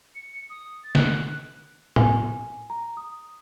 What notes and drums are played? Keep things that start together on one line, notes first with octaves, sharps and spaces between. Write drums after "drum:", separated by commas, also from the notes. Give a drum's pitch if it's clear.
C#7
D#6
A6
F#6, drum: snare
G#5, drum: tom A2
A#5
D#6